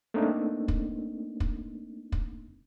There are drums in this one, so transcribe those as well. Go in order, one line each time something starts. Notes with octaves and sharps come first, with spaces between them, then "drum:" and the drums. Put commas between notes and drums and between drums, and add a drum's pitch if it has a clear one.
A3 A#3 C4 D4 D#4
drum: kick
drum: kick
drum: kick